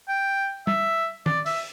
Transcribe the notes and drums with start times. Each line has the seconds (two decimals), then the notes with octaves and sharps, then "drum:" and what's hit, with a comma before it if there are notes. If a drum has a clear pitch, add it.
0.09 G5
0.67 E5, drum: tom
1.26 D5, drum: tom
1.46 E5, drum: open hi-hat